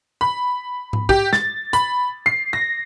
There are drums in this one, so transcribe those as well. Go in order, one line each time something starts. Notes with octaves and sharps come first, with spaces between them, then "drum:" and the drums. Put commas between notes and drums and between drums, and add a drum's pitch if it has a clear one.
B5
drum: tom G#2
G4, drum: kick
A6, drum: snare
B5, drum: hi-hat
C7
A#6